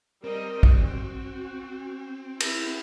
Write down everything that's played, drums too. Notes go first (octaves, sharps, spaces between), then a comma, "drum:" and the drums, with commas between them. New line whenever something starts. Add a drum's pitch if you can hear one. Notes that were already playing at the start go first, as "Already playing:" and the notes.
G3 C4 A#4 D#5
F#4, drum: kick
E4, drum: cymbal